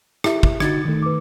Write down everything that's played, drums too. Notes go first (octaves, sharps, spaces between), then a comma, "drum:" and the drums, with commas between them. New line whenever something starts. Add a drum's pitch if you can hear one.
E4 G4 E5, drum: rim click
drum: kick
D3 D#4 F#4 G#6 A6, drum: rim click
D#3 A3
B4 D6